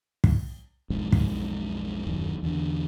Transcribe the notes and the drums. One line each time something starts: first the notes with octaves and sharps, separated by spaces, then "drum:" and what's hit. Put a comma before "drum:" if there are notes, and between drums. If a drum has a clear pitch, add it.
drum: kick
B1 F2 G#2
drum: kick
D#1 F#2 D#3
E2 D3